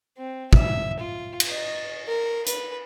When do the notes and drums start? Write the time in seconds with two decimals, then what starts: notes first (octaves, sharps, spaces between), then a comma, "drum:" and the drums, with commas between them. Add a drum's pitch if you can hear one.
0.18 C4
0.53 E5, drum: kick
1.00 F4
1.40 drum: cymbal
1.50 D#5
2.07 A#4
2.46 B4, drum: hi-hat